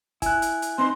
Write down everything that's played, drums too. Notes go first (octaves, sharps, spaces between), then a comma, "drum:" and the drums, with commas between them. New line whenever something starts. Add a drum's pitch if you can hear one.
E4 G#5 F#6, drum: kick, hi-hat
drum: hi-hat
drum: hi-hat
C4 D#4 B4 C6